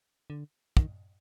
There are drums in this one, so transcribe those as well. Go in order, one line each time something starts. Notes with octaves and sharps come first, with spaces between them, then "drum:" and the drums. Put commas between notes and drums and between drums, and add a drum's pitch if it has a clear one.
D3
D#3, drum: kick